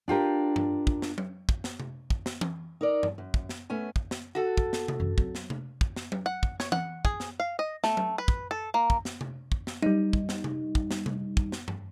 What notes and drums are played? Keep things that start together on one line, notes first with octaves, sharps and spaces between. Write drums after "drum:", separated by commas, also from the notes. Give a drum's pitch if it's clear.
D4 F4 G4 A#4
drum: tom G2
drum: kick
drum: snare
drum: tom F#3
drum: kick
drum: snare
drum: tom C3
drum: kick
drum: snare
drum: tom E3
D#4 A#4 D5
drum: tom G2
F#2
drum: kick
drum: snare
A3 B3 C#4 G#5
drum: kick
drum: snare
F#4 A4
drum: kick
drum: snare
drum: tom C3
F#2 E3
F#3 C4, drum: kick
drum: snare
drum: tom C3
drum: kick
drum: snare
drum: tom F#3
F#5
drum: kick
C#5, drum: snare
F#5, drum: tom E3
G#4, drum: kick
drum: snare
F5
D#5
A3, drum: snare
drum: tom F#3
B4
drum: kick
A4
A#3
drum: kick
drum: snare
drum: tom C3
drum: kick
drum: snare
G3 D#4, drum: tom F#3
drum: kick
drum: snare
drum: tom C3
drum: kick
drum: snare
drum: tom C3
drum: kick
drum: snare
drum: tom G2